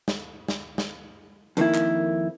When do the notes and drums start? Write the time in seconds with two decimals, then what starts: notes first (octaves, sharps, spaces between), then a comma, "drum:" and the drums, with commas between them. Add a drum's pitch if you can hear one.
0.08 drum: snare
0.48 drum: snare
0.78 drum: snare
1.57 F2 D#3 A#3 E4, drum: hi-hat
1.74 drum: clap